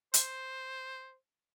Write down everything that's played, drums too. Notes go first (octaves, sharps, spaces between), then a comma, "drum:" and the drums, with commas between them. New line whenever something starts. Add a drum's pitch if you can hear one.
C5, drum: hi-hat